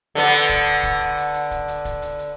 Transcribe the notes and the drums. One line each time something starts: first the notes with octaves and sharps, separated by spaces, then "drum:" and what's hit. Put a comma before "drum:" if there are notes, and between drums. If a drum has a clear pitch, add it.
D3 B3, drum: hi-hat
drum: hi-hat
drum: kick D1, hi-hat
drum: hi-hat
drum: kick D1, hi-hat
drum: hi-hat
drum: hi-hat
drum: hi-hat
drum: kick D1, hi-hat
drum: hi-hat
drum: kick D1, hi-hat
drum: hi-hat
drum: hi-hat